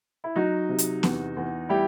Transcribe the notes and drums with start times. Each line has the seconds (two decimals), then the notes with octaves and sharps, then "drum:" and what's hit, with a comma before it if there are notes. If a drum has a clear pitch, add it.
0.24 E4
0.36 F#3 D#4 F#4
0.69 C3
0.78 drum: hi-hat
1.03 E2, drum: snare B3
1.37 E2
1.69 G3 E4 G4